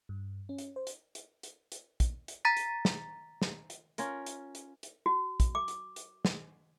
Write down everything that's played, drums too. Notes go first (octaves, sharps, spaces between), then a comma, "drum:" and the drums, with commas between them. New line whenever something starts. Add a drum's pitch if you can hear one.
G2
C#4
drum: hi-hat
C5
drum: hi-hat
drum: hi-hat
drum: hi-hat
drum: hi-hat
drum: kick, hi-hat
drum: hi-hat
A#5 A6 B6
drum: hi-hat
drum: snare
drum: snare
drum: hi-hat
C#4 F4 A#4, drum: hi-hat
drum: hi-hat
drum: hi-hat
drum: hi-hat
F#4
drum: kick, hi-hat
D6
drum: hi-hat
drum: hi-hat
drum: snare